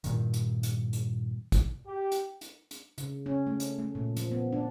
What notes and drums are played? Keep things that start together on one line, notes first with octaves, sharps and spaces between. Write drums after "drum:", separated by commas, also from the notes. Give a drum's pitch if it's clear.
G2 A#2 D#3, drum: hi-hat
drum: hi-hat
drum: hi-hat
drum: hi-hat
drum: kick, hi-hat
G4
drum: hi-hat
drum: hi-hat
drum: hi-hat
C#3, drum: hi-hat
C#4
A3
drum: hi-hat
A3
A#2
F3, drum: hi-hat
B3
D4